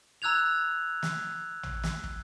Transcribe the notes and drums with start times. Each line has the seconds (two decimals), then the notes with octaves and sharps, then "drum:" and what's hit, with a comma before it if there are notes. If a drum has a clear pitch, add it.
0.22 A#5 E6 F#6 G#6 F7
1.03 drum: snare
1.63 drum: tom A1
1.83 drum: snare
2.04 drum: kick